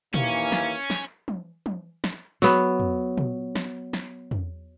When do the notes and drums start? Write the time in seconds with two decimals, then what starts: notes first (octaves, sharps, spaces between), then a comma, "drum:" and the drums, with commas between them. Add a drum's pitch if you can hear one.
0.14 D#2 E3 A#3 C#4, drum: tom
0.52 drum: snare
0.90 drum: snare
1.28 drum: tom
1.66 drum: tom
2.04 drum: snare
2.42 F#3 B3, drum: snare
2.80 drum: tom
3.18 drum: tom
3.55 drum: snare
3.93 drum: snare
4.31 drum: tom